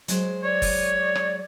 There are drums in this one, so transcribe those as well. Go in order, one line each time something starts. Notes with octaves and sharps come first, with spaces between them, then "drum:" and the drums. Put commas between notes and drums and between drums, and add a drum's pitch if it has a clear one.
F#3 G#3 C5, drum: hi-hat
C#5 D5
drum: kick, open hi-hat
drum: rim click